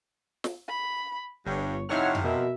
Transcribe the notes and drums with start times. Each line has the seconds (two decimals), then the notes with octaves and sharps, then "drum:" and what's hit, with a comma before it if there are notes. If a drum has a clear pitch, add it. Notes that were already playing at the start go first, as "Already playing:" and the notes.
0.44 drum: snare
0.68 B5
1.46 G1 G2 C#5
1.89 F2 C3 D#4 E4 C#5 F#5 F6
2.15 drum: tom F2
2.24 B2 A#4 E5